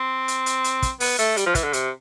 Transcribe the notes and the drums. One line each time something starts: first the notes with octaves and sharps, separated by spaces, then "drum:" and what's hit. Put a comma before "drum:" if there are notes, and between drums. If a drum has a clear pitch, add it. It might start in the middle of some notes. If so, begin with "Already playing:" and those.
Already playing: C4
drum: hi-hat
drum: hi-hat
drum: hi-hat
drum: kick, hi-hat
B3, drum: open hi-hat
A3, drum: hi-hat
G3, drum: hi-hat
F3
E3, drum: kick, hi-hat
D3
C3, drum: hi-hat